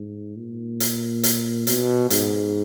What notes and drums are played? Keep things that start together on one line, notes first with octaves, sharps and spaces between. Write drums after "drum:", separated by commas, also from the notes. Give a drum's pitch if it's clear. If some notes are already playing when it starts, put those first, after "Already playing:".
Already playing: G#2
A#2
drum: hi-hat
drum: hi-hat
B2, drum: hi-hat
G#2, drum: hi-hat